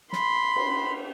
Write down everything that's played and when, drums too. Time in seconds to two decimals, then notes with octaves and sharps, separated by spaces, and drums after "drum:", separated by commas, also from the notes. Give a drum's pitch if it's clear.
0.13 B5 C6, drum: snare
0.56 drum: cymbal